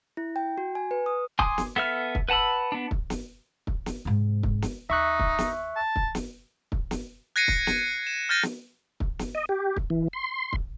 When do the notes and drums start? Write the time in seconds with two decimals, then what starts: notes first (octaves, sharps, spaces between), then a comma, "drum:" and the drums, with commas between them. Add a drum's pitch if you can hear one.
0.17 E4
0.36 G5
0.58 F#4
0.75 G#5
0.91 B4
1.06 D#6
1.39 G#5 C6 D6 D#6, drum: kick
1.58 drum: snare
1.76 B3 A4 E5 F6
2.15 drum: kick
2.29 B4 F#5 A5 B5 E6
2.72 B3 D4
2.91 drum: kick
3.10 drum: snare
3.67 drum: kick
3.86 drum: snare
4.05 G#2 C3
4.43 drum: kick
4.62 drum: snare
4.90 D#2 D#4 E5 C#6 F#6
5.19 drum: kick
5.39 drum: snare
5.76 A5
5.96 drum: kick
6.15 drum: snare
6.72 drum: kick
6.91 drum: snare
7.36 F#6 G#6 A#6 C7 C#7 D#7
7.48 drum: kick
7.67 drum: snare
8.07 E7
8.29 F6 G6 A6 A#6 D#7
8.43 drum: snare
9.00 drum: kick
9.19 drum: snare
9.35 D#5
9.49 G4
9.76 drum: kick
9.90 E3
10.13 C6
10.53 drum: kick